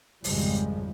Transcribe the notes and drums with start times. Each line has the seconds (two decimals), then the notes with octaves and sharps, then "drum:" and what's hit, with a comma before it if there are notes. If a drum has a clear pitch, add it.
0.24 G#1 F2 C#3 F3 G3 G#3, drum: open hi-hat